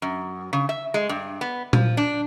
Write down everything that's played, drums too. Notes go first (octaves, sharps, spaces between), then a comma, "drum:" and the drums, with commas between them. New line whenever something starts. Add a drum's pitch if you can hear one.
F#2
C#3
E5
G#3
G2
B3
F3, drum: tom A#2
D4